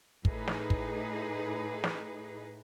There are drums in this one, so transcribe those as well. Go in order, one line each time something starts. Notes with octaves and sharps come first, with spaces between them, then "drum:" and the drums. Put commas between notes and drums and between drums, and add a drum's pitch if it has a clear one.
A2 D#4 G#4 B4, drum: kick
drum: snare
drum: kick
drum: snare